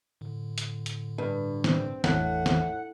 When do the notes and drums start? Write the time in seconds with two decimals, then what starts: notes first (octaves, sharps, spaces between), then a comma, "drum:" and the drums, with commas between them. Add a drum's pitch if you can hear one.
0.21 A2 D3
0.58 drum: hi-hat
0.86 drum: hi-hat
1.18 G2
1.64 C4, drum: snare
2.04 G#1 E2 A2 E3 F#5, drum: snare
2.46 drum: snare